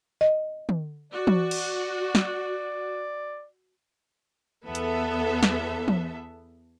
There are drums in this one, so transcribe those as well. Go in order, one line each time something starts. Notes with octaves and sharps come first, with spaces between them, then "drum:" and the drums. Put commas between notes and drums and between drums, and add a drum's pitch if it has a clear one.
D#5
drum: tom
F#4 D5
drum: tom
drum: cymbal
drum: snare
E2 B3 A4 E5
drum: hi-hat
drum: snare
drum: tom